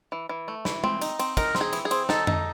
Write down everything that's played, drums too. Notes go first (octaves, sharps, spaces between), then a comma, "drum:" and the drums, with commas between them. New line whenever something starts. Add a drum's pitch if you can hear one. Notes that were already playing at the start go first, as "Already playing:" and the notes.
E3
E3
A3
E3, drum: snare
C4, drum: tom G#3
D#4, drum: cymbal
C4, drum: cymbal
D#4 A#4, drum: kick, cymbal
C4, drum: snare
G#4
E3, drum: cymbal
G#4
C4, drum: cymbal
D#4 A4, drum: snare
D#4, drum: tom F2